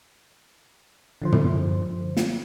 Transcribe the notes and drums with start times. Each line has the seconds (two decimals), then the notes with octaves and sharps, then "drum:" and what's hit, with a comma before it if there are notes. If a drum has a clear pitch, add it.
1.22 D3 F3 C5
1.32 drum: tom
2.17 drum: snare